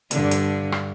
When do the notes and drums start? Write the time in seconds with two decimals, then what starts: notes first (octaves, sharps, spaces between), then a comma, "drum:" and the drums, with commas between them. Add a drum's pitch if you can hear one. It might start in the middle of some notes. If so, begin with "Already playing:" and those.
0.11 G2 D3, drum: hi-hat
0.31 drum: hi-hat
0.72 drum: rim click